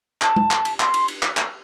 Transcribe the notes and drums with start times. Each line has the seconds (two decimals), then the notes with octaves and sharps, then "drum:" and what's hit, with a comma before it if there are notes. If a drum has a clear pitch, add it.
0.22 A5, drum: clap
0.36 drum: tom G#3
0.51 drum: clap
0.65 drum: cymbal
0.80 C6, drum: clap
0.94 drum: cymbal
1.08 drum: cymbal
1.23 drum: clap
1.37 drum: clap